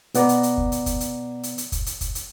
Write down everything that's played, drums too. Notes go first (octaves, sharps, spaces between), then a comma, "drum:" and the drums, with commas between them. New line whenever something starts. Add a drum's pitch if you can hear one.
B2 B3 D5 F#5 A#5, drum: hi-hat
drum: hi-hat
drum: hi-hat
drum: kick
drum: hi-hat
drum: kick, hi-hat
drum: hi-hat
drum: hi-hat
drum: hi-hat
drum: kick, hi-hat
drum: hi-hat
drum: kick, hi-hat
drum: hi-hat